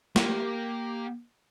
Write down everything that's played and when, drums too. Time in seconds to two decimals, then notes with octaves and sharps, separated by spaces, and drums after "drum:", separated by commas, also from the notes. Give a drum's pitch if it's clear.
0.16 A#3 G4, drum: snare